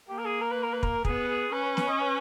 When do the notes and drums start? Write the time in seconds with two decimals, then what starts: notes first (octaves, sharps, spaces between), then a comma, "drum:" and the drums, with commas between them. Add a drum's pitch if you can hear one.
0.09 A#3 G4
0.19 A#4
0.25 G#4
0.41 A#4
0.51 B4
0.63 A#4
0.73 B4
0.83 A#4, drum: kick
1.05 B3 G#4, drum: kick
1.28 G#4
1.52 C#4 B4
1.64 B4
1.77 B4, drum: snare
1.88 D#5
2.01 B4